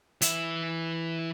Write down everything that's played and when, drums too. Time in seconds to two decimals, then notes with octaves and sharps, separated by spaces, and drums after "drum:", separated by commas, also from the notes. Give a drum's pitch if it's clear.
0.22 E3 E5, drum: hi-hat